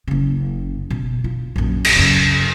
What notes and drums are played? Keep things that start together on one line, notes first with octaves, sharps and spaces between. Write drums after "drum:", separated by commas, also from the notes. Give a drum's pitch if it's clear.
F#1 C#3
B2
F4
A#1 F#2
drum: cymbal
F#2 C#3